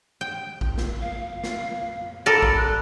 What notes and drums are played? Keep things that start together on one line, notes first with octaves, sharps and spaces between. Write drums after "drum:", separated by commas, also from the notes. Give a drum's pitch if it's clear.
G5
drum: kick A1
drum: snare
F5
drum: snare
A4 A#4 D5 B5
drum: kick A1
F#6